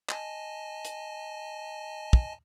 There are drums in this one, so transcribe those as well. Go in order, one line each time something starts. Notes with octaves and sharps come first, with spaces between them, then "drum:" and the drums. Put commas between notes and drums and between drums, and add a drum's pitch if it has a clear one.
D#5 G#5 A5, drum: clap
drum: hi-hat
drum: kick